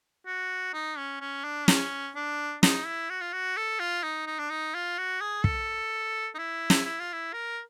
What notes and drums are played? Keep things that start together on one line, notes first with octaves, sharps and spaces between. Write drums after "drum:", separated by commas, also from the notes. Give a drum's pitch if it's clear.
F#4
D#4
C#4
C#4
D4
C#4, drum: snare
D4
D#4, drum: snare
E4
F#4
F4
F#4
A4
F4
D#4
D#4
D4
D#4
F4
F#4
G#4
A4, drum: kick
D#4
E4
drum: snare
E4
F4
E4
A#4